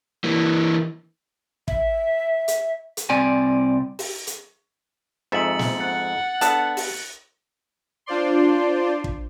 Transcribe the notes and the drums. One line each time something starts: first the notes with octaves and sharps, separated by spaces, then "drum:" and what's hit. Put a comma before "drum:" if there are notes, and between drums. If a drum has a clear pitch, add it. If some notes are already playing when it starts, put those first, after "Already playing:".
E3 A#3
E5, drum: kick
drum: hi-hat
drum: hi-hat
C2 C4 D5 G#5
drum: open hi-hat
drum: hi-hat
F2 G#2 E5 A6 C#7 F#7
drum: snare
F#5 F#6 A6 C#7
B3 D4 A4 A5, drum: hi-hat
drum: open hi-hat
D4 F4 C5 D5 C6
drum: kick